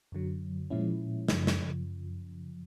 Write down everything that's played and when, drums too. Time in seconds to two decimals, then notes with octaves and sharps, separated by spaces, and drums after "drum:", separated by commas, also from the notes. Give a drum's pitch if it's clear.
0.12 F#2 D3 F#3
0.70 A#2 F3 G#3 C#4 E4
1.28 F#2 C#3 F3, drum: snare
1.47 drum: snare